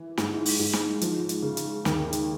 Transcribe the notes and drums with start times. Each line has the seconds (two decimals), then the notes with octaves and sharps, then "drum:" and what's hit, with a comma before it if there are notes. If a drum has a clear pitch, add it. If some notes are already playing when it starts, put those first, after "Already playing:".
Already playing: E3
0.17 G#2, drum: snare
0.46 drum: open hi-hat
0.59 G#2
0.73 drum: snare
1.01 F3, drum: hi-hat
1.29 drum: hi-hat
1.42 C#3
1.57 drum: hi-hat
1.85 D#2, drum: snare
2.13 drum: hi-hat